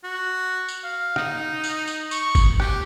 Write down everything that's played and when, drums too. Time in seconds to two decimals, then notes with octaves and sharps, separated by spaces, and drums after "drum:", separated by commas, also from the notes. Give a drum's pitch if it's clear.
0.04 F#4
0.68 drum: tambourine
0.84 F5
1.16 D#4, drum: rim click
1.64 drum: tambourine
1.87 drum: tambourine
2.11 C#6, drum: tambourine
2.35 drum: kick G1, tambourine
2.60 G4, drum: rim click